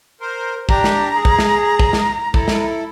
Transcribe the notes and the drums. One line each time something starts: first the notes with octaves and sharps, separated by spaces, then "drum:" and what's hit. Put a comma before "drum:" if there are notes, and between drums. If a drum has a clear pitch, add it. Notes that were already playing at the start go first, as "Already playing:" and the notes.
A#4 C5
D4 G4 A#5, drum: kick
drum: snare
G#4
drum: kick
drum: snare
drum: kick
drum: snare
E4 A4, drum: kick
drum: snare